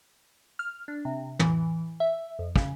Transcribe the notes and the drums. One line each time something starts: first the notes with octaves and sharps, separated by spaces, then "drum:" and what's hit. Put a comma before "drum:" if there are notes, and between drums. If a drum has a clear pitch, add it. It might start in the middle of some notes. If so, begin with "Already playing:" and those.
F6
D4
C3
E3, drum: tom
E5
F2
C#3, drum: kick